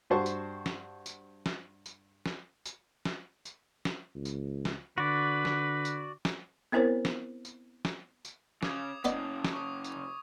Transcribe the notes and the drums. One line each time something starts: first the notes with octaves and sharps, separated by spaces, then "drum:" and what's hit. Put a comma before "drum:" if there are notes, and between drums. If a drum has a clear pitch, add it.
G2 F#4 C5 A5 C#6
drum: tambourine
drum: snare
drum: tambourine
drum: snare
drum: tambourine
drum: snare
drum: tambourine
drum: snare
drum: tambourine
drum: snare
C#2
drum: tambourine
drum: snare
D3 F#4 B4 D5
drum: snare
drum: tambourine
drum: snare
B3 C4 E4 A#4 C5 C#5
drum: snare
drum: tambourine
drum: snare
drum: tambourine
C#3 D6 D#6 G#6, drum: snare
F#2 C#3 B3 D5 D#5, drum: tambourine
drum: snare
C#6 D#6
drum: tambourine